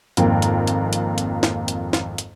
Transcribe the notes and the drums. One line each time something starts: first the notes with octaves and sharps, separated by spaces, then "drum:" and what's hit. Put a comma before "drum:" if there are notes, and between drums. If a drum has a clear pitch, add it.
G#1 F2 A#3 G5, drum: hi-hat
drum: hi-hat
drum: hi-hat
drum: hi-hat
drum: hi-hat
drum: snare
drum: hi-hat
drum: snare
drum: hi-hat